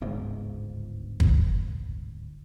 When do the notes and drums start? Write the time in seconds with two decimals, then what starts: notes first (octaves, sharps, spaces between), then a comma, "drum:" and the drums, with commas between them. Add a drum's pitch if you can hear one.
0.01 D1 G1 C#2 G#2
1.20 drum: kick